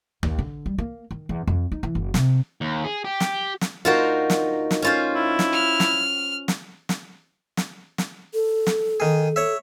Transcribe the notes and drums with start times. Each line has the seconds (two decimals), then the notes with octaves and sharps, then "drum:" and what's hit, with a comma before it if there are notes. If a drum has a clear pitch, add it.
0.23 D#2, drum: tom
0.39 D3
0.66 G3
0.78 A#3
1.11 D#3
1.29 E2
1.47 F2
1.72 D#4
1.83 E3
1.95 F#1
2.14 C3, drum: snare
2.61 D#2
2.84 G#4
3.05 G4
3.20 drum: snare
3.61 drum: snare
3.85 D2 D#4 F4 F#4 A#4 C5
4.30 drum: snare
4.71 drum: snare
4.82 C#4 F4 C5
5.15 E4
5.39 drum: snare
5.52 F6
5.80 drum: snare
6.48 drum: snare
6.89 drum: snare
7.57 drum: snare
7.98 drum: snare
8.34 A4
8.67 drum: snare
9.00 D#3 G#4
9.36 C#5 E5